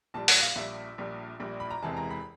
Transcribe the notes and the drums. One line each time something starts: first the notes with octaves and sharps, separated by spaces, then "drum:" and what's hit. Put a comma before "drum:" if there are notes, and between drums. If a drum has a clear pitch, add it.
A#1 A#2 G3 A5
F#5, drum: open hi-hat
F5
A#1 A#2 G3 E5
A#1 A#2 G3
A#1 A#2 G3
B5
A#5
E1 E2 C3 E3 G#3 A5
A#5
B5